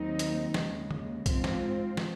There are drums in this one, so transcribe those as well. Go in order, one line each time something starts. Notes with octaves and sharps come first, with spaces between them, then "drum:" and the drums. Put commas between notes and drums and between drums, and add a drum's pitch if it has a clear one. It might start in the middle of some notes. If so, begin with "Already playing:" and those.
Already playing: D#2 D#3 F#3 C4 D#4
drum: hi-hat
D#2 C#3 G#3, drum: snare
drum: tom
G#2 F3 C4 F4, drum: kick B1, hi-hat
drum: snare
drum: snare